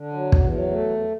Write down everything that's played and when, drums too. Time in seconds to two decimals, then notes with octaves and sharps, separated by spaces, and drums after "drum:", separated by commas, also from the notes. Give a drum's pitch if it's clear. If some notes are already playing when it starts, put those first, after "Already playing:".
Already playing: D3
0.13 F#3
0.32 E2, drum: kick
0.52 F#3
0.70 A3
0.90 E2